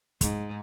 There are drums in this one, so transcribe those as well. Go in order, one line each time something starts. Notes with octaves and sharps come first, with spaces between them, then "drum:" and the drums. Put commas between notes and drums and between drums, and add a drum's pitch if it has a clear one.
G#2, drum: kick, hi-hat